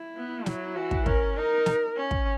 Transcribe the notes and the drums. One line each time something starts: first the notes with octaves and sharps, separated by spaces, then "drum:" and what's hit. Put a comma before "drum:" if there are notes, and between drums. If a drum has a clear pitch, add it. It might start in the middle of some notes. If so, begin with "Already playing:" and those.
Already playing: E4
B3
F#3 E4, drum: snare
E3 F#4
drum: kick
C#4 A#4, drum: kick
D#4 A#4
drum: snare
C#4
drum: kick